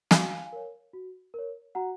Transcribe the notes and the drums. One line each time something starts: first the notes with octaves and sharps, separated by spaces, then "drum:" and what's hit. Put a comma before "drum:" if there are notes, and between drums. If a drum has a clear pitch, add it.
F#4 F5 G#5, drum: snare
A#4 C#5
F#4
A#4 C#5
F#4 F#5 A#5